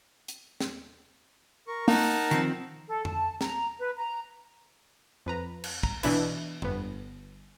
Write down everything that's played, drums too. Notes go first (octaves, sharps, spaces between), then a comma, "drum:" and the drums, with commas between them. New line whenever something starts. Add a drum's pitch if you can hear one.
drum: hi-hat
drum: snare
A#4 C#6
A#3 D#4 A#4 F#5 A5, drum: open hi-hat
D#3 F3 C4, drum: hi-hat
A4
A5, drum: tom F2
A#5, drum: snare
B4
A#5
F2 B4 A#5
drum: cymbal
A#5, drum: kick
B2 E3 D4 E4 B4, drum: cymbal
G1 B3, drum: tom F2